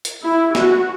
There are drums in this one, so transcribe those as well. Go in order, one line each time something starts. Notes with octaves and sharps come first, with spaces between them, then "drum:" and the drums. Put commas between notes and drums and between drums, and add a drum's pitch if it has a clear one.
drum: hi-hat
E4
F#4, drum: snare